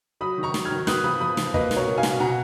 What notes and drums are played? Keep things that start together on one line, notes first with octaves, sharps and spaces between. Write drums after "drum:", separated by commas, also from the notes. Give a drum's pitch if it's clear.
F#3 B5 D#6
D#3
A#5 C#6
F#3, drum: snare
F6 G#6
D#3
B3 D#6 F#6, drum: snare
F3 B5 D#6
F3 B5 D#6
F3, drum: snare
A#3 B4 D#5, drum: kick
B2, drum: snare
A#4 C#5
B2
F5 G#5
B2, drum: snare
B2 F#5 A#5